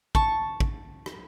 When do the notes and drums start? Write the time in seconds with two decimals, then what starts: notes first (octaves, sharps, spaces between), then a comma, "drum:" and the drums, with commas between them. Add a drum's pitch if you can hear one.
0.15 A5 C#6, drum: kick
0.60 drum: kick
1.06 drum: rim click